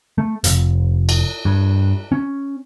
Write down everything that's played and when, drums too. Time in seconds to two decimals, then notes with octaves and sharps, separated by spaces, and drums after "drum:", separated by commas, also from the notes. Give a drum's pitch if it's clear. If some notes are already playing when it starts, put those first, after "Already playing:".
0.18 A3
0.44 F1, drum: hi-hat
1.09 drum: cymbal
1.45 G2
2.12 C#4